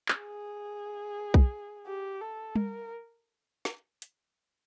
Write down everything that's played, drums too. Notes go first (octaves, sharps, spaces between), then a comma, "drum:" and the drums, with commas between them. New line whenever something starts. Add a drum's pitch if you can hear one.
drum: clap
G#4
drum: kick B1
G4
A4
A#4, drum: tom G3
drum: snare
drum: hi-hat